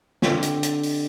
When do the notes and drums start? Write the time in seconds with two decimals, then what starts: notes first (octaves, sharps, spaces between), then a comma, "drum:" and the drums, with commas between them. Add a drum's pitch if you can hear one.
0.22 D3 C4 G4, drum: snare
0.43 drum: hi-hat
0.63 drum: hi-hat
0.83 drum: open hi-hat